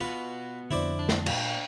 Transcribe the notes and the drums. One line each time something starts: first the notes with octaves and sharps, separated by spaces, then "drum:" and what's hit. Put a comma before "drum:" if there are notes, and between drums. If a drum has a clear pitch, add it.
B3 F4 F#4 B4
F2 D3 E4 C5 D5
D4
drum: snare
A#2, drum: cymbal